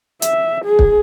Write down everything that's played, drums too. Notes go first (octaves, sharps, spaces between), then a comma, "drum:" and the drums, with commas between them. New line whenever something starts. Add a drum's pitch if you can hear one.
E5, drum: hi-hat
G#4
drum: kick